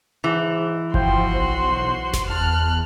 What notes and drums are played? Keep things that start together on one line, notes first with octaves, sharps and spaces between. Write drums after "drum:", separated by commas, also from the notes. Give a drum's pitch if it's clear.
G#2 E3
F3 F#4 C5 F5 G5 C6, drum: kick G1
B1 C5
drum: snare F#1
E2 A5 F6 F#6